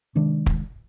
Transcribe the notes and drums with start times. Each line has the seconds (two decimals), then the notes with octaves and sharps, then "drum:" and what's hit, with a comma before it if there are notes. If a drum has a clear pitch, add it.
0.15 C3 D#3 G#3 D4
0.46 drum: kick